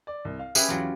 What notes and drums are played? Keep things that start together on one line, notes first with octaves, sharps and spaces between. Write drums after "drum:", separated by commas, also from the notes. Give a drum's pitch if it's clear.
D5
C2
F5
C#4 G4 G#4 B4 E5, drum: tambourine
E2 F#3 F4 G4